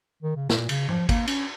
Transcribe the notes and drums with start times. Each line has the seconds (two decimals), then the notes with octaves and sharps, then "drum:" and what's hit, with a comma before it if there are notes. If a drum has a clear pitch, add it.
0.23 D#3
0.36 C#3
0.49 A#2, drum: snare
0.69 C#3, drum: cymbal
0.89 F3, drum: tom
1.09 A#3, drum: kick, cymbal
1.27 C#4, drum: cymbal